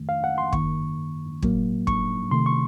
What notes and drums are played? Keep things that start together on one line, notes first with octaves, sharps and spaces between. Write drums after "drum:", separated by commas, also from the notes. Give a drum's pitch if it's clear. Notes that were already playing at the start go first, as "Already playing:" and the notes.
Already playing: F2 D#3 A3
F5
F#5
C6
F#2 D#3 A#3 C#6, drum: kick
A2 F#3 A#3, drum: kick
C#6, drum: kick
C3 D#3 A3 C6
C#6